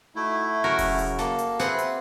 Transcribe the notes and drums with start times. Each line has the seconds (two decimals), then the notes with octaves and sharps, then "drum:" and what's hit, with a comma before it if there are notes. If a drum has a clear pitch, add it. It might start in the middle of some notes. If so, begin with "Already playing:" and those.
0.16 A3 D#4 E4 F#4 E5
0.64 F#2 C#3 F#4 A#4
0.79 drum: kick E1, open hi-hat
0.99 drum: hi-hat
1.19 A#3 A4, drum: snare
1.39 drum: hi-hat
1.59 C4 G#4 B4 E5 F#5, drum: snare
1.78 drum: hi-hat